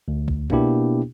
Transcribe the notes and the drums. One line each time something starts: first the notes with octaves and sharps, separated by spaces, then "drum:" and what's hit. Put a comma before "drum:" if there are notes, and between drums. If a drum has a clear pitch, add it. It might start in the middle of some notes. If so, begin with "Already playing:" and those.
D2
drum: kick
B2 A#3 B3 D4 E4 G4, drum: kick